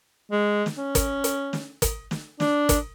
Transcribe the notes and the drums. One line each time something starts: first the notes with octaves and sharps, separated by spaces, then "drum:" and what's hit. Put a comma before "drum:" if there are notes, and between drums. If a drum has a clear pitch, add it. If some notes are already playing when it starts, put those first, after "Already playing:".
G#3
drum: snare
C#4
drum: kick, hi-hat
drum: hi-hat
drum: snare
drum: kick, hi-hat
drum: snare
D4, drum: snare
drum: kick, hi-hat